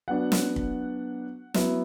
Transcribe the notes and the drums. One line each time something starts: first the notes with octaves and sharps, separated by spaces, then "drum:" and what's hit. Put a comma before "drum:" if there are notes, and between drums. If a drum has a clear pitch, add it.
F#3 B3 D4 F#5
drum: snare
drum: kick
F#3 B3 E4, drum: snare